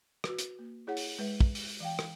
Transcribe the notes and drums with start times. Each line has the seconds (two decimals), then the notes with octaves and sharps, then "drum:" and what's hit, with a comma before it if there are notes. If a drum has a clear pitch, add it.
0.24 F#4 B4, drum: rim click
0.39 drum: hi-hat
0.59 A#3
0.87 E4 G#4 C#5 F#5
0.97 drum: open hi-hat
1.19 G#3 B4 E5
1.40 drum: kick
1.55 drum: open hi-hat
1.80 E3 F5 G5
1.99 drum: rim click